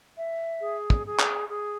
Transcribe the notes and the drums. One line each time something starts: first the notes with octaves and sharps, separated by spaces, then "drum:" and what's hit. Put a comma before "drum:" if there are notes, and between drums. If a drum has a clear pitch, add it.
E5
G#4
drum: kick
G#4
drum: clap
G#4